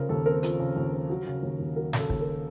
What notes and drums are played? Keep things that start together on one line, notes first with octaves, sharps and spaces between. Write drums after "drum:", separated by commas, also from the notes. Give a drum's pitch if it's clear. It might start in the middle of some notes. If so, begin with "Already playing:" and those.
Already playing: C#3 F3 A#4 C5
D#2 A4
C4 A#4
F3, drum: hi-hat
C#3
D#2
C4
F#3
C#3
D#2
D#2
F#3 A#4
C#3, drum: snare
A4
D#2, drum: kick
A#4